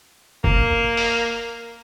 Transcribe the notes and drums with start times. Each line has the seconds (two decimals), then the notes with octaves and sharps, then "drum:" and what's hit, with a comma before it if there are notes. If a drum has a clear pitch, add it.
0.44 A#3, drum: kick F#1
0.97 drum: open hi-hat